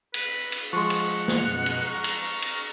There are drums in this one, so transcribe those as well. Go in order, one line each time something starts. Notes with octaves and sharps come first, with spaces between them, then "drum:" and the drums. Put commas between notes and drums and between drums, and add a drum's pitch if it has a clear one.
B4, drum: cymbal
drum: cymbal
F3 G#3 F#5 C6 C#6
drum: cymbal
drum: snare
F#2 B2 F7
drum: cymbal
A#5 C#6 F6
drum: cymbal
drum: cymbal